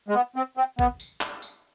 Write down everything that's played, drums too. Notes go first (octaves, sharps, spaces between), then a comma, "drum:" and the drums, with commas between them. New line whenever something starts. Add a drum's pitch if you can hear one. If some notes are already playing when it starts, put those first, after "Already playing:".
G#3
B3
C4
C4
B3, drum: kick A1
drum: tambourine
drum: clap
drum: tambourine